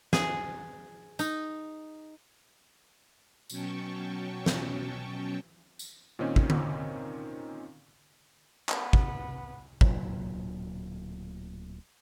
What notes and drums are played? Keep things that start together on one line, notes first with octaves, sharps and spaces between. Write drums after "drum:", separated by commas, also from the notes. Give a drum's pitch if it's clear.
G#4, drum: snare
D#4, drum: tambourine
B2 F#3 C#4 G5 A5 C#6, drum: tambourine
drum: snare
drum: tambourine
A#2 D#3 C4 C#4 D#4
drum: kick
drum: tom D3
B3, drum: clap
drum: kick
D1 A#2 F#3, drum: kick